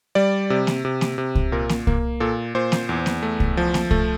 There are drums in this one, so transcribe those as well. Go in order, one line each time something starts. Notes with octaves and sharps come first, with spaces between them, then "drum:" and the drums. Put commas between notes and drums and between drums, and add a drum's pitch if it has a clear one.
G3 D5
C3
drum: snare A#3
C3
drum: snare A#3
C3
drum: kick C2
A#2 A#4
drum: snare A#3
A#3, drum: kick C2
A#2 A4
A#2 C5
drum: snare A#3
E2
drum: snare A#3
A3
drum: kick C2
F3
drum: snare A#3
A3, drum: kick C2